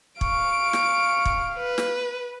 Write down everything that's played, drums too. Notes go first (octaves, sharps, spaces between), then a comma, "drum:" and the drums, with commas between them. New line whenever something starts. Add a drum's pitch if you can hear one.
F5 C#6 D7, drum: kick
drum: snare
drum: kick
B4
drum: snare